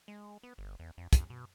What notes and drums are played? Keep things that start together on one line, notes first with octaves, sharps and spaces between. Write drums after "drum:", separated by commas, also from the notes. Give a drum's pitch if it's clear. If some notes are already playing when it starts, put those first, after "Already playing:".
G#3
B3
G1
E2
F2
F2, drum: kick, hi-hat
B2